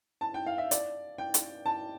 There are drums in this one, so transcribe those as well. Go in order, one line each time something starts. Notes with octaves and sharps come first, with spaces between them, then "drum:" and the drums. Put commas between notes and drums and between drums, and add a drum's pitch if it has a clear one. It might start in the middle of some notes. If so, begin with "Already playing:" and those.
A5
G5
F5
E5
D5, drum: hi-hat
G5
drum: hi-hat
A5